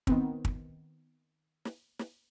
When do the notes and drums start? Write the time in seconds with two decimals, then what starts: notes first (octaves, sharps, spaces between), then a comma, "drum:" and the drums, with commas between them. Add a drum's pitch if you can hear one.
0.07 D#3 B3 C4, drum: kick
0.45 drum: kick
1.65 drum: snare
1.99 drum: snare